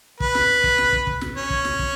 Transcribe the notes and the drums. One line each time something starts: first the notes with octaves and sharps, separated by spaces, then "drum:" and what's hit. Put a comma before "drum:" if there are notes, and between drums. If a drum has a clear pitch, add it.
B4, drum: kick
drum: snare
drum: kick
drum: snare
drum: kick
drum: kick
drum: snare
C#4
drum: kick
drum: snare
drum: kick